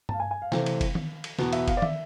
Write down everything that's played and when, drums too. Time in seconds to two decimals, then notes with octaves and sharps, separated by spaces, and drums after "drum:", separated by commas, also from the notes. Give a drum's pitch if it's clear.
0.09 A5, drum: tom G2
0.14 F5
0.20 G#5
0.31 G#5
0.42 F5
0.52 C3 E3 A3 C4, drum: snare
0.66 drum: cymbal
0.81 drum: kick F#1, cymbal
0.95 drum: tom D#3
1.24 drum: cymbal
1.39 E2 B2 B3, drum: snare
1.53 E5, drum: cymbal
1.68 F5, drum: kick F#1, cymbal
1.77 D5
1.82 E5, drum: tom D#3